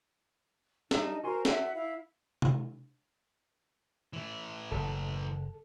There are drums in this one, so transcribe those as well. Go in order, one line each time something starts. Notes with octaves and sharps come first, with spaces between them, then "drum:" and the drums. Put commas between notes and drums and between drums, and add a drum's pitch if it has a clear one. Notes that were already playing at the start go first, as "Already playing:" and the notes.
G3 D4 D#4 E5 A5, drum: snare
F#4 A#4 C5 G#5 C6
E5 F#5, drum: snare
E4 F5
drum: tom C3
E3 A3
F#1 A4